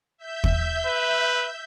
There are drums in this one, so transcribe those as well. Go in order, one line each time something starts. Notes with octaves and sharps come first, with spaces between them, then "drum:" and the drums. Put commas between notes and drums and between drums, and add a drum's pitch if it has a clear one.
E5 G6
drum: kick
B4